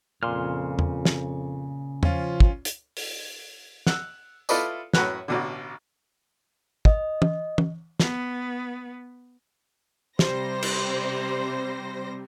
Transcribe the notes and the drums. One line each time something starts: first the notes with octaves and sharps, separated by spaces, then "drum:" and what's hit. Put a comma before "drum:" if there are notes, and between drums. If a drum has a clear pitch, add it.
F2 A#2 C#3 C6 F6
drum: tom E2
drum: snare
F3 C#4 F4, drum: tom E2
drum: kick
drum: hi-hat
drum: open hi-hat
F#5 E6, drum: snare
E4 F4 A4 B4 D5 D#5, drum: tambourine
F#2 A2 F#4 B4 F#5 F#6, drum: snare
A1 B2 D3
D#5, drum: kick
drum: tom
drum: tom
B3, drum: snare
C3 G3 C5 A#6, drum: snare
drum: cymbal